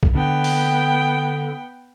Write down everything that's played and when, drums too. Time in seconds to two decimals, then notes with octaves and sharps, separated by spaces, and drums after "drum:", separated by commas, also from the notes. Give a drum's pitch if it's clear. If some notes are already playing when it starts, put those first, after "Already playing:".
0.03 drum: kick B1
0.15 D3 B3 G5
0.44 drum: open hi-hat